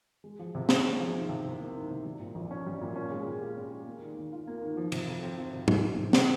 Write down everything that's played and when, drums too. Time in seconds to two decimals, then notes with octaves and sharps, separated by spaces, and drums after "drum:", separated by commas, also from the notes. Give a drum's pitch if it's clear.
0.24 G#3
0.39 F3
0.55 C3
0.69 C#4, drum: snare
0.84 G#3
1.00 F3
1.15 D#3
1.29 C3
1.45 C2
1.60 A#3
1.75 D#3
1.91 C3
2.05 G3
2.21 A#2
2.35 A#1
2.51 C#4
2.66 G3
2.81 A#2
2.96 C#4
3.11 G#3
3.26 A#2
3.41 G4
3.57 C#4
3.72 G#3
3.86 A#3
4.02 D#3
4.17 D#2
4.32 F4
4.47 A#3
4.62 D#3
4.77 F3
4.92 C3, drum: cymbal
5.08 F2
5.23 C4
5.38 F3
5.53 C3
5.68 G#3, drum: tom
5.83 D#3
5.99 C3
6.13 C3, drum: snare